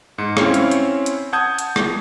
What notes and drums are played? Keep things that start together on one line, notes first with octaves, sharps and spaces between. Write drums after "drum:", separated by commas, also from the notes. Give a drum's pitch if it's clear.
G#2 C#7
C4 C#4 E4 C#5 F5, drum: rim click
drum: hi-hat
drum: hi-hat
drum: hi-hat
F#5 A5 D#6 G6 G#6
drum: hi-hat
drum: rim click